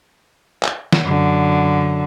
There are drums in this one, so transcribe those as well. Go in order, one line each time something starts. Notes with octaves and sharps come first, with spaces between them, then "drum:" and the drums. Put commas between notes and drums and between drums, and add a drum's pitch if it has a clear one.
drum: clap
drum: snare
F#2 D3